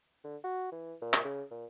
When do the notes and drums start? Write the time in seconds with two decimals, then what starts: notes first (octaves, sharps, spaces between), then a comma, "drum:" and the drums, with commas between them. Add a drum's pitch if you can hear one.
0.24 D3
0.44 F#4
0.72 E3
1.02 A#2
1.13 drum: clap
1.25 C#3
1.51 A#2